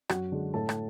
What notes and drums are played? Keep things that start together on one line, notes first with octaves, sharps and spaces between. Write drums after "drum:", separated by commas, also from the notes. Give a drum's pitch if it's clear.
F#2 F#4 F#5, drum: rim click
D3 G#3 D4
A2 A4 A5
drum: rim click